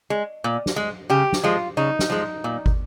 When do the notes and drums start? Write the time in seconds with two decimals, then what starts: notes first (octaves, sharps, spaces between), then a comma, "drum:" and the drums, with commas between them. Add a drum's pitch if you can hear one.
0.10 G#3
0.44 A#2
0.66 drum: snare
0.76 G#3
1.10 C#3 G4
1.33 drum: snare
1.44 F3 G#3 F4
1.77 C#3 D#4
1.99 drum: snare
2.10 F3 G#3
2.44 A#2
2.66 drum: kick